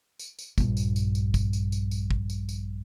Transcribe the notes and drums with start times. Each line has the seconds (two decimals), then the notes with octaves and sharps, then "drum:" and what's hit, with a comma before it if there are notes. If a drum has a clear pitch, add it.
0.19 drum: tambourine
0.39 drum: tambourine
0.58 A#1 G2, drum: kick, tambourine
0.77 drum: tambourine
0.96 drum: tambourine
1.15 drum: tambourine
1.34 drum: kick, tambourine
1.53 drum: tambourine
1.72 drum: tambourine
1.91 drum: tambourine
2.11 drum: kick
2.30 drum: tambourine
2.49 drum: tambourine